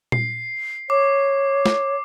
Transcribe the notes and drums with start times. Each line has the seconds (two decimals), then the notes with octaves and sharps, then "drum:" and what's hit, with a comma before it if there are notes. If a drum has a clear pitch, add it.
0.12 C7, drum: tom A#2
0.90 C#5 D6
1.66 drum: snare